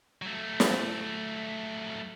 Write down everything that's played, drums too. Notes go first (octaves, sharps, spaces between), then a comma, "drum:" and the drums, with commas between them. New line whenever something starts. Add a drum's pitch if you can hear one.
F#3 A3
drum: snare